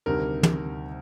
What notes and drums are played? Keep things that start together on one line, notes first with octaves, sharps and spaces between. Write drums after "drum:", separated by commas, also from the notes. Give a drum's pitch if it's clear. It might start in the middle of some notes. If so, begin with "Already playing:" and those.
D2 C3 D#3 G3 A#4
drum: tom